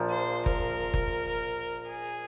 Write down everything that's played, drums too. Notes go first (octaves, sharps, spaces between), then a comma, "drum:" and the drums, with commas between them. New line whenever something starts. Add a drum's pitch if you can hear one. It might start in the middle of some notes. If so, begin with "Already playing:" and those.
Already playing: A#1 A#2 F3
C5
A#4, drum: kick F#1
drum: kick F#1
G#4